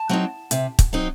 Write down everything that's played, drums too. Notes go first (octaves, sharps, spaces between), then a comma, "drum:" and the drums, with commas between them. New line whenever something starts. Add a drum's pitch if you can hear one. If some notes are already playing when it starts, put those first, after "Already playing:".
Already playing: A5
F#3 C4 D#4
C3, drum: hi-hat
drum: kick, hi-hat
F#3 C4 D#4